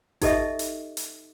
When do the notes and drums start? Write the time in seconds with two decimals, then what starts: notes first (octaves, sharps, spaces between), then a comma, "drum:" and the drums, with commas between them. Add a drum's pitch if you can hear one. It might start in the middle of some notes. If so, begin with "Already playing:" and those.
0.21 D#4 G4 A4 D#5 E5, drum: kick G#1, hi-hat
0.59 drum: hi-hat
0.97 drum: hi-hat